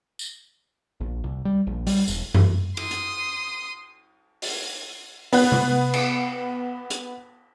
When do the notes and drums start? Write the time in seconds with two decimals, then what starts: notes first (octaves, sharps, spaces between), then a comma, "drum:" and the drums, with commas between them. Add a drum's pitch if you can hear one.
0.19 drum: tambourine
1.01 A#1
1.24 C2
1.45 G3
1.67 A#1
1.87 G3, drum: open hi-hat
2.08 E1, drum: tambourine
2.34 drum: tom F#2
2.77 C6 D#6, drum: cymbal
2.91 drum: hi-hat
4.42 drum: open hi-hat
5.33 B3 F#6, drum: open hi-hat
5.52 drum: tom C3
5.94 drum: cymbal
6.90 drum: hi-hat